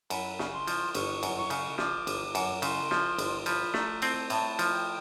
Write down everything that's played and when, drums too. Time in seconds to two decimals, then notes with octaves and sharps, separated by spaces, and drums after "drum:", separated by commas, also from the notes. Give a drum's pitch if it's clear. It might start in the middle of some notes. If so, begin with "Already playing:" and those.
0.10 F#2 B5, drum: cymbal
0.39 C#3, drum: snare
0.52 C6
0.67 F3, drum: cymbal
0.94 G1 C#6, drum: cymbal
1.23 F#2, drum: cymbal
1.37 C#6
1.50 C#3, drum: cymbal
1.78 F3 D6, drum: snare
2.07 G1, drum: cymbal
2.35 F#2, drum: cymbal
2.62 C#3 C6, drum: cymbal
2.91 F3, drum: snare
3.18 G1, drum: cymbal
3.46 F3 B5, drum: cymbal
3.74 A3 A#5, drum: snare
4.02 C4 A5, drum: cymbal
4.30 A2 A5, drum: cymbal
4.59 F3, drum: cymbal
4.72 G5